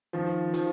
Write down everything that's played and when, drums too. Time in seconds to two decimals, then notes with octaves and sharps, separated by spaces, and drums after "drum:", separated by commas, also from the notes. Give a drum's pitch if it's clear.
0.13 D#3 F3
0.54 D#3 F3, drum: hi-hat